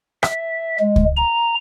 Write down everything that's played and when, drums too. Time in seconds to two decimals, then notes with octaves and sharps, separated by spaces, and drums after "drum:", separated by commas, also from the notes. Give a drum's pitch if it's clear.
0.23 E5, drum: rim click
0.79 G#3
0.96 drum: kick C#2
1.17 A#5